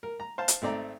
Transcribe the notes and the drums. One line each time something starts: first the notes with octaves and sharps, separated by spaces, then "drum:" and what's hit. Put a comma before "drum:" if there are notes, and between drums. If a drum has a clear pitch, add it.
A#4
A#5
C5 F5 A5
drum: hi-hat
G#1 A3 C4 D5 A#5